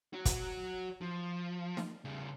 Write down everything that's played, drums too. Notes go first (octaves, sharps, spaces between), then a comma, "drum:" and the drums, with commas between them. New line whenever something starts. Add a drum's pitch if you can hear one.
F#4 C#5
drum: kick, hi-hat
F3
drum: snare
C#3 G3